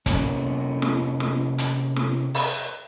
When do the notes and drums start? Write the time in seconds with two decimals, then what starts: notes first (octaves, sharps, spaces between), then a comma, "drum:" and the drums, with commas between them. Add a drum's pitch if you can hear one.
0.06 C3 A#3 C#4, drum: kick, hi-hat
0.82 drum: snare
1.20 drum: snare
1.58 drum: hi-hat
1.96 drum: snare
2.34 drum: open hi-hat